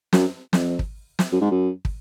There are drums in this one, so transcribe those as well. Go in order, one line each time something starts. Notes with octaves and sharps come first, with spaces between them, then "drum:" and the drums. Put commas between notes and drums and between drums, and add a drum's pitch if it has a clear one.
F#2, drum: snare
F2, drum: snare
drum: kick
drum: snare
F#2
G#2
F#2
drum: kick